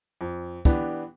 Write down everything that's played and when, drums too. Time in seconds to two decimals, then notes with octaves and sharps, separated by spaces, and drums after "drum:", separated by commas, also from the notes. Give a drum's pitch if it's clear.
0.21 F2
0.65 E3 B3 D4 G4, drum: kick